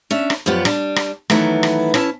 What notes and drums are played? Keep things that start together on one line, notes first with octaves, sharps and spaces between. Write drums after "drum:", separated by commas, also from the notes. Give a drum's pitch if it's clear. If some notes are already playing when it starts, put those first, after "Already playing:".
C#4 D4 E5
drum: rim click
F#2 F3 B3 F4 G4 F#5
G3 D4, drum: rim click
drum: rim click
D#3 E3 F#3 A3 B3, drum: rim click
drum: rim click
C#4 E4 A5, drum: rim click